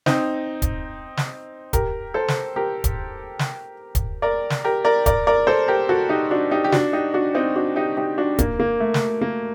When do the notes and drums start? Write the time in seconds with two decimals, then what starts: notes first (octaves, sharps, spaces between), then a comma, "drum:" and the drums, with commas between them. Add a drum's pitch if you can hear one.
0.06 C4 D#4, drum: snare
0.62 drum: kick, hi-hat
1.17 drum: snare
1.73 G4 A#4, drum: kick, hi-hat
2.14 A4 C5
2.28 drum: snare
2.56 G4 A#4
2.84 drum: kick, hi-hat
3.39 drum: snare
3.95 drum: kick, hi-hat
4.22 A#4 D5
4.50 drum: snare
4.64 G4 A#4
4.85 A#4 D5
5.06 A#4 D5, drum: kick, hi-hat
5.27 A#4 D5
5.47 A4 C5
5.68 G4 A#4
5.89 F#4 A4
6.09 D#4 G4
6.31 D4 F#4
6.51 D#4 G4
6.64 G4
6.72 D4 F#4, drum: snare
6.93 D#4 G4
7.14 D4 F#4
7.35 C4 D#4
7.56 D4 F#4
7.76 D#4 G4
7.97 D#4 G4
8.18 D4 F#4
8.39 A#3, drum: kick, hi-hat
8.60 A#3
8.80 A3
8.94 drum: snare
9.21 A#3